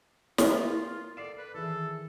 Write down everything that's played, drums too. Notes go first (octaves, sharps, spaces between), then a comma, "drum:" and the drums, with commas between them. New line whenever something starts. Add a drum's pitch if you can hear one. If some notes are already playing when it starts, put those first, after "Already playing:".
A#3 F4, drum: snare
A4 D5 C7 E7
B4
D#3 E3 G#4 A4